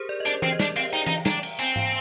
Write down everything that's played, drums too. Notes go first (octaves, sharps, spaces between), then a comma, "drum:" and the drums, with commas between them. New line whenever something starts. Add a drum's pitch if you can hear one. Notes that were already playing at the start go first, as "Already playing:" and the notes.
Already playing: G4 G#4 A#4 C5
D5
D#5
D4 D5
C4 C5, drum: tom E3
D#5
D4 D5, drum: snare
C4 F5, drum: cymbal
D#4 G5
D#4, drum: tom E3
D4 A#5, drum: snare
drum: cymbal
C4 G#5
F5, drum: tom G#2